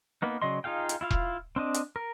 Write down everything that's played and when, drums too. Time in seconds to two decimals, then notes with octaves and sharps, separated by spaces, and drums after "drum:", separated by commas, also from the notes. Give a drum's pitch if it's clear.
0.22 A#3 B3 D#4
0.42 C#3 F#3 D5 D#5 C6
0.64 D#4 F4 G#4 F5 G5
0.89 drum: hi-hat
1.01 E4 F4 F5
1.10 drum: kick E1
1.56 C4 D4 D#5
1.74 drum: hi-hat
1.96 A#4